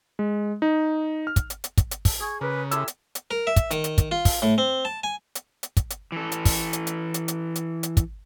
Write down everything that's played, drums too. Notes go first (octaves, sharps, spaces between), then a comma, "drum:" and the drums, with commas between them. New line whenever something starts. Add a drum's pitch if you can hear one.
G#3
D#4
F6
drum: kick, hi-hat
drum: hi-hat
drum: hi-hat
drum: kick, hi-hat
drum: hi-hat
drum: kick, open hi-hat
G#4 C#6 G#6
C#3 A#4 B4 D6
E4 G4 A4 E5 C6 E6, drum: hi-hat
drum: hi-hat
drum: hi-hat
A#4
E5
drum: kick, hi-hat
D#3, drum: hi-hat
drum: hi-hat
drum: kick, hi-hat
F4
drum: kick, open hi-hat
A2
C4
A5
G#5
drum: hi-hat
drum: hi-hat
drum: kick, hi-hat
drum: hi-hat
E3 A4
drum: hi-hat
drum: kick, open hi-hat
drum: hi-hat
drum: hi-hat
drum: hi-hat
drum: hi-hat
drum: hi-hat
drum: hi-hat
drum: kick, hi-hat